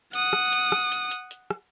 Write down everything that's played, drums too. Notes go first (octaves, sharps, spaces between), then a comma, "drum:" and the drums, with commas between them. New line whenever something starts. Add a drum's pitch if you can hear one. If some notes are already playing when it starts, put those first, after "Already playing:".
F#5 D#6, drum: hi-hat
drum: rim click
drum: hi-hat
drum: rim click
drum: hi-hat
drum: hi-hat
drum: hi-hat
drum: rim click